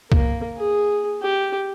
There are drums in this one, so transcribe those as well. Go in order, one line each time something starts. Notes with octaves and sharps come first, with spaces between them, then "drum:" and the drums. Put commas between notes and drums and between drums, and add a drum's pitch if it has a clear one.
A#3, drum: kick C#2
G#4
G4